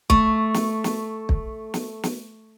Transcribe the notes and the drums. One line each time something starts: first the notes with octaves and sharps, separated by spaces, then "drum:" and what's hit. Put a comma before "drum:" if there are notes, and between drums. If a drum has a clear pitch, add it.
A3 C#6, drum: kick
drum: snare
drum: snare
drum: kick
drum: snare
drum: snare